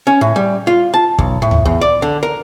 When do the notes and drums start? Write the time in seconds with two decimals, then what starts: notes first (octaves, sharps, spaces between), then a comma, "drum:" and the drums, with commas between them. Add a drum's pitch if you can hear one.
0.07 C#4
0.21 A2
0.36 G3
0.67 F4
0.94 A5
1.19 B1, drum: kick
1.42 A2
1.51 drum: tom
1.65 E2
1.81 D5
2.02 D3
2.23 A#4